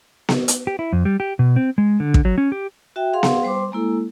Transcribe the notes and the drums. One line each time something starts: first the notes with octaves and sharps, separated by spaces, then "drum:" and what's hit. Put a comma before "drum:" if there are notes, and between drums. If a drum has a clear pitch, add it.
drum: snare B3
drum: hi-hat
G4
E4
F2
G3
G4
B2
C4
G#3
D3
drum: kick
F#3
C#4
G4
F#4 E5 G5
G#4 F5 F#5 C6
drum: snare B3
G3 C5 C6 D6
G#3 A#3 E4 A4